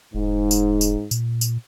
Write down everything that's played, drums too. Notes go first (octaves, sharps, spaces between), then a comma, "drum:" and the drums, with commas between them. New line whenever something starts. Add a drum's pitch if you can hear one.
E1 G#2
drum: tambourine
drum: tambourine
A#2, drum: tambourine
drum: tambourine